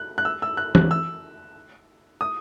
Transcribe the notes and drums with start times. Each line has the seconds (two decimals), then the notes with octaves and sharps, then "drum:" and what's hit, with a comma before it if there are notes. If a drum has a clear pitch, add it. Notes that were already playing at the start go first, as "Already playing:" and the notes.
Already playing: F#6
0.18 F#6
0.25 E6
0.42 E6
0.57 F#6
0.75 F#6, drum: tom E3
0.91 E6
2.21 D#6